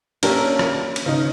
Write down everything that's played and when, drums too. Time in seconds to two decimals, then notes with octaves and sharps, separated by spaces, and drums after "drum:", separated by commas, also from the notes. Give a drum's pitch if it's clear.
0.23 A#3 C#4 D4 G4 A#4 E5, drum: cymbal
0.59 drum: rim click
0.96 drum: cymbal
1.06 C#3 D#4 D#5